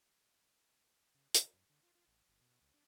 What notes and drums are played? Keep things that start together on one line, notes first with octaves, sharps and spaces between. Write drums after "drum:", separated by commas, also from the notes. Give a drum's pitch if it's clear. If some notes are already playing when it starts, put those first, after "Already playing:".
C#3
C#3, drum: hi-hat
F#2
D3
F4
F4
A1
G1
B2
C#2
D4